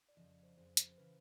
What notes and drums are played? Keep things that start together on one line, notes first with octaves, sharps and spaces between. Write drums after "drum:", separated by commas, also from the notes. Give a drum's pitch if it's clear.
D5
F2 C#3 F3 D#5
D5
C5
F2 C#3 F3 C5
drum: hi-hat
C5
C#3 E3 B4